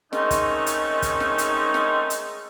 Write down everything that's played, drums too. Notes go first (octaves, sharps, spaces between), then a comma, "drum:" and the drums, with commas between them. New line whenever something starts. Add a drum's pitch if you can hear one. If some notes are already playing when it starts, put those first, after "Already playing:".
D#3 G#3 A3 C4 C#4 D#4, drum: snare
drum: kick, hi-hat
drum: hi-hat
drum: kick, hi-hat
drum: snare
drum: hi-hat
drum: snare
drum: hi-hat